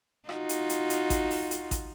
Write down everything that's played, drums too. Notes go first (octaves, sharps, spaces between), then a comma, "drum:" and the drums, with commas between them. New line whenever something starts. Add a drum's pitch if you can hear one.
D#4 F4 F#4, drum: rim click
drum: hi-hat
drum: hi-hat
drum: hi-hat
drum: kick A1, hi-hat
drum: open hi-hat
drum: hi-hat
drum: kick A1, hi-hat